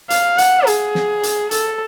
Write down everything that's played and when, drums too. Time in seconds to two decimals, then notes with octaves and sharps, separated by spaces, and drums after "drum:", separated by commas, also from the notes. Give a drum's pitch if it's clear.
0.10 F5, drum: hi-hat
0.38 F#5, drum: hi-hat
0.67 G#4, drum: hi-hat
0.95 drum: snare
1.23 drum: hi-hat
1.51 A4, drum: hi-hat